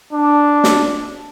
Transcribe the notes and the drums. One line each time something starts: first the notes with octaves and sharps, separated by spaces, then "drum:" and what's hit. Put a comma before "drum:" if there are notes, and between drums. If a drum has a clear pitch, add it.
D4
drum: snare